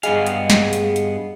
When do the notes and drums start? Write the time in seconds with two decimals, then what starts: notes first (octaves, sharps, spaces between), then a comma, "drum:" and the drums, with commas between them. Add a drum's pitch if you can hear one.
0.03 G2 B3 G#4 D#5 F5 C7, drum: hi-hat
0.26 drum: hi-hat
0.50 drum: snare
0.73 drum: hi-hat
0.96 drum: hi-hat